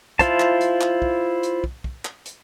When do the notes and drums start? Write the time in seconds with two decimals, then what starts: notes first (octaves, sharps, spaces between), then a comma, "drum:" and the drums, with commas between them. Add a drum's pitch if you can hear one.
0.19 E4 F4 C5 A5, drum: kick, hi-hat
0.40 drum: clap
0.61 drum: hi-hat
0.81 drum: clap
1.02 drum: kick
1.43 drum: hi-hat
1.64 drum: kick
1.84 drum: kick
2.05 drum: clap
2.26 drum: hi-hat